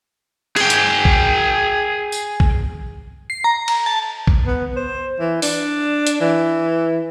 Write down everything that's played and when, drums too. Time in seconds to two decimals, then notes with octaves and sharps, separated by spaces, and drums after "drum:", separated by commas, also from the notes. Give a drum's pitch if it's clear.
0.56 G#4 G5, drum: cymbal
0.70 drum: hi-hat
1.05 drum: kick A#1
2.12 drum: tambourine
2.40 drum: kick A#1
3.30 C7
3.44 A#5
3.68 drum: cymbal
3.86 A5
4.27 drum: kick A#1
4.46 B3
4.76 C5
5.20 E3
5.42 D4, drum: open hi-hat
6.07 drum: hi-hat
6.20 E3